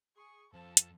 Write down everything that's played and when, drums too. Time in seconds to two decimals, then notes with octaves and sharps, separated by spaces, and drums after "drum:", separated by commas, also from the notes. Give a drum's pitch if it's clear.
0.17 G#4 C#6
0.54 F2 F3 A4 A5
0.77 drum: hi-hat